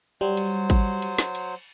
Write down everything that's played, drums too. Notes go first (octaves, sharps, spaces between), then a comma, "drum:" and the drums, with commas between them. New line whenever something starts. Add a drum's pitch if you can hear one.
F#3 G3 C5
drum: cymbal
drum: kick, cymbal
drum: cymbal
drum: snare
drum: cymbal